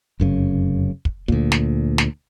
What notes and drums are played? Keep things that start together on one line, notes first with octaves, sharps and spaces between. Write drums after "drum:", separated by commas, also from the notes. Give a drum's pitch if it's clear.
F1 F#2 C#3
drum: kick
D2 A#2, drum: kick
drum: snare
drum: snare